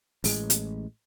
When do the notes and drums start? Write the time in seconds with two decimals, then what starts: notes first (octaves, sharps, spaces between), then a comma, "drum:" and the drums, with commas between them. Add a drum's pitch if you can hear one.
0.24 A1 A2 G#3, drum: open hi-hat
0.50 drum: hi-hat